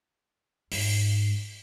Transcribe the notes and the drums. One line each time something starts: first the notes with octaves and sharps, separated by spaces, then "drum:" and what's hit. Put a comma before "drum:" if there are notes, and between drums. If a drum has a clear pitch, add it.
G#2, drum: open hi-hat